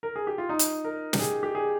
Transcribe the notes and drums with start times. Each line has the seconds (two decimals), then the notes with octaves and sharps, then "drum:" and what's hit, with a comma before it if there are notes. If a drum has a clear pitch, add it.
0.03 A#4
0.16 G#4
0.27 G4
0.38 F4
0.49 D#4
0.59 drum: hi-hat
0.84 A#4
1.13 G4, drum: snare
1.19 G#4
1.43 G4
1.55 G#4